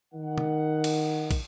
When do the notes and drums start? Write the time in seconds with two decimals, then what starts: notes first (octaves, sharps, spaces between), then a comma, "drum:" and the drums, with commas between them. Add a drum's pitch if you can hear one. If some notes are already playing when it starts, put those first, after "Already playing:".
0.14 D#3 F#5
0.38 drum: tom
0.84 drum: cymbal
1.31 drum: kick, cymbal